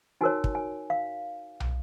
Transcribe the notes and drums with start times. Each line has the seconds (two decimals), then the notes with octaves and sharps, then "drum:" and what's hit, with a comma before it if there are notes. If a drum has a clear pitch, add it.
0.21 D#4 F#4 A#4 C#5 G#5
0.44 drum: kick
0.55 G#5
0.90 F5
1.60 drum: tom